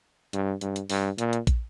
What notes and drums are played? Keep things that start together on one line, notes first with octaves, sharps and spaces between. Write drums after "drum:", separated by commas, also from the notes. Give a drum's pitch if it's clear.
G2, drum: hi-hat
G2, drum: hi-hat
drum: hi-hat
G2, drum: open hi-hat
A#2, drum: hi-hat
drum: hi-hat
drum: kick, hi-hat